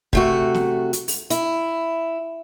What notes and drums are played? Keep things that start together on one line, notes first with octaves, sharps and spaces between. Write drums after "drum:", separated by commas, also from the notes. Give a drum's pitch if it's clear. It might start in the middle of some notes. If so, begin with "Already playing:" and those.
C3 A3 F#4, drum: kick
drum: snare
drum: hi-hat
drum: open hi-hat
E4, drum: hi-hat